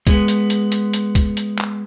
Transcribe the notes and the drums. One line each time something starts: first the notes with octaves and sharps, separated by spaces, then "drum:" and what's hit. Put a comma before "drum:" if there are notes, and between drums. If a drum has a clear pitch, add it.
G#3 B3, drum: kick, hi-hat
drum: hi-hat
drum: hi-hat
drum: hi-hat
drum: hi-hat
drum: kick, hi-hat
drum: hi-hat
drum: clap